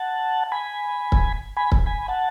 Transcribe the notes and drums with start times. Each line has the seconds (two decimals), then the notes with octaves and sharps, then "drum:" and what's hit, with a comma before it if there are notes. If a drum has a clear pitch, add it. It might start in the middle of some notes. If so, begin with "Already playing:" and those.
Already playing: F#5 A5
0.52 G#5 B5
1.12 drum: kick C#1
1.57 G#5 B5
1.72 drum: kick C#1
1.86 G#5 B5
2.08 F#5 A5